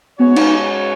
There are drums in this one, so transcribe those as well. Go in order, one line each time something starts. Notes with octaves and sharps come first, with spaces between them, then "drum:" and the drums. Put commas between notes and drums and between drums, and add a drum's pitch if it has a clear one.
G#2 G#3 B3 C#4 F#4 C#5
D#4, drum: cymbal